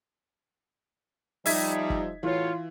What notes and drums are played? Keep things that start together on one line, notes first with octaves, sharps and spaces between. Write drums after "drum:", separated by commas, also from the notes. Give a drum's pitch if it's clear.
F3 G3 D#4 E5 G#6 B6, drum: open hi-hat
drum: kick
A2 E3 F4 F#4 C#5